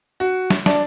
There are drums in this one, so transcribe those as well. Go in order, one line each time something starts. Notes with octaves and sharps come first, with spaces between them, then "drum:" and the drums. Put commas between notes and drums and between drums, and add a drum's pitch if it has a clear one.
F#4
drum: snare
D4, drum: snare